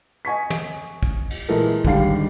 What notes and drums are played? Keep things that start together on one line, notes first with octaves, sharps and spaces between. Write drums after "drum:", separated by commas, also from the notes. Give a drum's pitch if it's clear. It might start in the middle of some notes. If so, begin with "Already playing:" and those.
D#5 G#5 C#6 B6
drum: tom
drum: kick
drum: cymbal
A#2 E3 G#3 A4 A#4
D#2 G#2 D3 G3 F5 C7, drum: kick